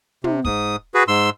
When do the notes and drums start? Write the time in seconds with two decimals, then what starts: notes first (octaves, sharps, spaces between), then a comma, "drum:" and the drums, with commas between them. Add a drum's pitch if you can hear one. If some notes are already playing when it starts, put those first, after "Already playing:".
0.24 C3, drum: tom
0.45 G#2 D#6, drum: kick
0.94 F#4 G#4 B4
1.08 G#2 C6 E6